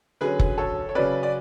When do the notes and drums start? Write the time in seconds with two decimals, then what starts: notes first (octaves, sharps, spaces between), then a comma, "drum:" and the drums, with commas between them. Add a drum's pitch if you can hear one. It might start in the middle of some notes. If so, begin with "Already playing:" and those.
0.21 D3 F#3 C#4 G#4 B4
0.39 drum: kick
0.58 A4 C#5
0.89 C#5
0.95 C#3 F#3 C#4 B4 D5
1.23 D5